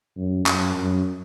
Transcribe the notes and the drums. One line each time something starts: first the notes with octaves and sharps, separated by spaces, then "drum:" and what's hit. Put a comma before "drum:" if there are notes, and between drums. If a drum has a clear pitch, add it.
F#2
F#2, drum: clap
F#2